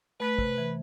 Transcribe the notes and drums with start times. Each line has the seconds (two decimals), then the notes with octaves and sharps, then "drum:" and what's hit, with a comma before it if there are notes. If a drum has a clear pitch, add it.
0.20 A3 B4
0.39 C3, drum: kick
0.58 E3